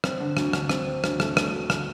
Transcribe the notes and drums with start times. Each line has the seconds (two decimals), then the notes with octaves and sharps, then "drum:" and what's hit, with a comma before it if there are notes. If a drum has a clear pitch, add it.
0.04 C4, drum: rim click
0.20 D3
0.37 D2, drum: rim click
0.53 D3, drum: rim click
0.69 C4, drum: rim click
0.87 C4
1.04 D2, drum: rim click
1.20 A3, drum: rim click
1.37 D2, drum: rim click
1.53 D2
1.70 D3, drum: rim click